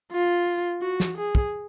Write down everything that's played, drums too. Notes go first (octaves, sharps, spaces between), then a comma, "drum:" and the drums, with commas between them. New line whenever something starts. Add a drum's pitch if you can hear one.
F4
F#4
drum: snare
G#4
drum: kick